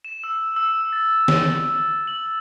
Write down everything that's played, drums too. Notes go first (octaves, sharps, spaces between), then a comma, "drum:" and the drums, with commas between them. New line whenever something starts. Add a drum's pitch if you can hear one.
E7
E6
E6
A6
drum: snare
F#7